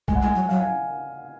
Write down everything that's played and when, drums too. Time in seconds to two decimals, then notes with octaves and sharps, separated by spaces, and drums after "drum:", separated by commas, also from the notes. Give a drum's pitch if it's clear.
0.08 G#3 G#5, drum: kick B1
0.15 F#5
0.22 G#3 G#5
0.35 F#3
0.49 F#3 F5
0.60 G#5